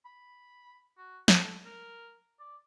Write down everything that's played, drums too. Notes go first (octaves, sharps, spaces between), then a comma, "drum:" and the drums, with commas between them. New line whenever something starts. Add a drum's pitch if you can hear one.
B5
F#4
A4, drum: snare
A#4
D5